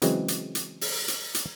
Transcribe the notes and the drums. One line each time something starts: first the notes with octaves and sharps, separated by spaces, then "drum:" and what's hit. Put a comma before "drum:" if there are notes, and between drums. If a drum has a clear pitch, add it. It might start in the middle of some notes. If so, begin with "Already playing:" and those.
C#3 E3 F#3 G#3 C4, drum: hi-hat
drum: hi-hat
drum: hi-hat
drum: open hi-hat
drum: hi-hat
drum: hi-hat